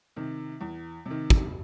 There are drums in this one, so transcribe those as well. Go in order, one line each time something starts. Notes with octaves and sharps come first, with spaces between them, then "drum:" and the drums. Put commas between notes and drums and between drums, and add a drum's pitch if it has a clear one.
C3 D#3
E2
C3 D#3
drum: kick